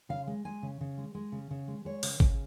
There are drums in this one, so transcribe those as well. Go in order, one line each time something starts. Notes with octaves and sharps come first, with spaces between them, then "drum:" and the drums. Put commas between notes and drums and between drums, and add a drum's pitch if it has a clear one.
C#3 F5
G#3
G#3 G#5
C#3
C#3
G#3
G#3
C#3
C#3
G#3
G#3 C#5
C#3, drum: open hi-hat
C#3, drum: kick G#1